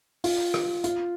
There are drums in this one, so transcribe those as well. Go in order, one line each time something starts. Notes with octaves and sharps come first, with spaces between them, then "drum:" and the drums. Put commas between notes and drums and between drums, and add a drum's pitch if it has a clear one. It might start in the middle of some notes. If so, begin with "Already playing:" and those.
F4, drum: open hi-hat
drum: rim click
F4, drum: hi-hat